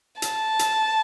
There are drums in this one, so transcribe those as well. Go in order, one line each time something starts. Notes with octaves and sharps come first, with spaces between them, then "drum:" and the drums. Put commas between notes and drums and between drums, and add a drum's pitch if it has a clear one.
A5, drum: hi-hat
drum: hi-hat